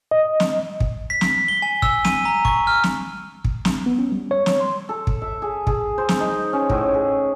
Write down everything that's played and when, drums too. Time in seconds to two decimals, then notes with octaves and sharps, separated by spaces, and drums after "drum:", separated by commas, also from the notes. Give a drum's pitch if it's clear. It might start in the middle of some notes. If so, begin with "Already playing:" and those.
0.11 D#5
0.40 drum: snare
0.80 drum: kick
1.10 B6
1.21 drum: snare
1.48 G7
1.62 G#5
1.82 E6, drum: kick
2.05 D#7, drum: snare
2.25 A#5
2.45 C#6, drum: kick
2.67 F6
2.84 drum: snare
3.45 drum: kick
3.65 drum: snare
3.86 B3
3.99 C#4
4.12 G3
4.31 C#5
4.46 drum: snare
4.60 C6
4.89 A4
5.07 drum: kick
5.22 E5
5.42 G#4
5.67 G#4, drum: kick
5.98 C5
6.09 drum: snare
6.20 D#4
6.53 C#4
6.70 A2, drum: kick
6.94 G#4